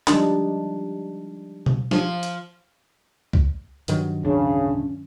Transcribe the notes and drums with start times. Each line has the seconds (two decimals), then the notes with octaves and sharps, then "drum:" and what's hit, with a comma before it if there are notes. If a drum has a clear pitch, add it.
0.07 F3 G3 G#3 D4 D#4, drum: clap
1.66 drum: tom B2
1.91 F3, drum: snare
2.23 drum: hi-hat
3.33 drum: kick
3.88 G2 D#3 F#3, drum: hi-hat
4.23 D1 C#3 C#4 D4